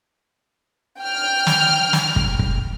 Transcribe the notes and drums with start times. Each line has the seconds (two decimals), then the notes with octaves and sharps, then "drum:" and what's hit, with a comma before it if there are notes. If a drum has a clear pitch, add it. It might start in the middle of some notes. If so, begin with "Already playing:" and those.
1.00 G5 F6
1.47 drum: snare
1.93 drum: snare
2.16 drum: kick
2.39 drum: kick